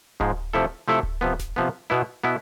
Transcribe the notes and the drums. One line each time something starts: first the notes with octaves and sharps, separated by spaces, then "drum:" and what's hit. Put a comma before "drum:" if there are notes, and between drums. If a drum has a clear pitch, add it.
G#2 F3 G#3, drum: kick D1
C3 F3 A3 E4 A4
C3 F3 A3 E4 A4
drum: kick D1
C3 F3 B3
drum: snare F#1
C3 F3 B3
B2 B3 E4
B2 B3 E4